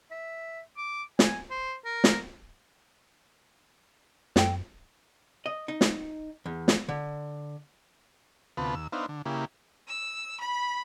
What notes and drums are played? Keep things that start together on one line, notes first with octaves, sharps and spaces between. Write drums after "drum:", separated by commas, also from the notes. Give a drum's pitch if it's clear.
E5
D6
G#5, drum: snare
C5
A#4
drum: snare
F#2 A4 G5, drum: snare
D#5
D#4
drum: snare
E2
drum: snare
D3
D2 C3 B3 F4 B4 A5
D#2 E6
B3 D4 D#4 C5 E5 F5
D3
C#3 A#3 E4 G4
E6
B5